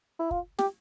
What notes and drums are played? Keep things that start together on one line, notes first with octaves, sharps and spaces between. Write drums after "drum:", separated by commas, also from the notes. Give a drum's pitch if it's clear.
E4
F4, drum: kick
G4, drum: snare